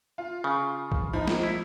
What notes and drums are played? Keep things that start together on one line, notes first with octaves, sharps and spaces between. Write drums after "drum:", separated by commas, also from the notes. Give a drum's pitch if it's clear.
F4
C#3
drum: kick B1
F3 D#4 B5
drum: snare
E4